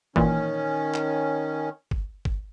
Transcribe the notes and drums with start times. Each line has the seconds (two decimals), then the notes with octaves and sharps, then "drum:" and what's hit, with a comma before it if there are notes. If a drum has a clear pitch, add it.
0.16 A#2 D#3 E3 C#4, drum: kick
0.94 drum: clap
1.91 drum: kick
2.25 drum: kick